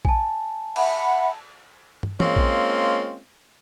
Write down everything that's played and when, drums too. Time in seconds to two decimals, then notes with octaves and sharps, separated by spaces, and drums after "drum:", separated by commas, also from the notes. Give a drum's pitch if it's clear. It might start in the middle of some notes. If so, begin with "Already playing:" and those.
0.05 G#5 A5, drum: kick A#1
0.76 E5 F#5 B5, drum: cymbal
2.03 drum: tom
2.20 G#3 A#3 C4 C#4 F4, drum: tom
2.36 drum: kick A#1